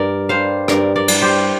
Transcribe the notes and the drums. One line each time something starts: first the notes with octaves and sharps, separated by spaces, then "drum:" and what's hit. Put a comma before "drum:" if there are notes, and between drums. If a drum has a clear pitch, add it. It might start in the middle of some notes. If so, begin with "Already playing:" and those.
Already playing: G2 A#4 D5
G3 D4 C5 F5
G2 A#4 D5, drum: rim click
A#4 D5
G3 D4, drum: cymbal
G4 C5